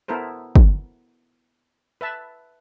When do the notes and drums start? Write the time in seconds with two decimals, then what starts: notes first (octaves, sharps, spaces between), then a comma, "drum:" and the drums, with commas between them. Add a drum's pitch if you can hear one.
0.08 B3 E4 A4 A#4 C5
0.56 drum: kick
2.01 B4 E5 A5